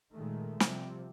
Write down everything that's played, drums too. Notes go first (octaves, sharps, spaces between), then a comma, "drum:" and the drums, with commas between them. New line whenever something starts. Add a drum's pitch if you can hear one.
A#2 D#3 G#3 A3
C3 F3 G3, drum: snare